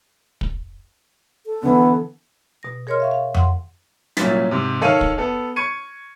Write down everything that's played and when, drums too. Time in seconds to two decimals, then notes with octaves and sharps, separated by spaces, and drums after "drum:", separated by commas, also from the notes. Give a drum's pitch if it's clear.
0.41 drum: kick
1.46 A4
1.63 D3 E3 B3
2.63 B2 A#6
2.87 G#4 A#4 C#5 D#5 C6 F6
3.00 E5 F5 C#6
3.11 F5
3.34 F#5 C6, drum: tom F2
4.17 C2 A#2 F#3 C#4 A6 B6, drum: snare
4.51 G#2 C3
4.81 D#3 A4 C#5 F5 D#7
5.01 drum: kick
5.18 B3 A4
5.56 C#6 G#6 C#7 D#7